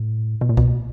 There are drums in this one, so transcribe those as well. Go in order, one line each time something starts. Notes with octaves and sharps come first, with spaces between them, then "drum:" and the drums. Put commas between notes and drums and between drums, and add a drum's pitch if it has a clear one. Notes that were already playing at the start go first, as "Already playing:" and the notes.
Already playing: A2
B2
A#2
B2, drum: kick C2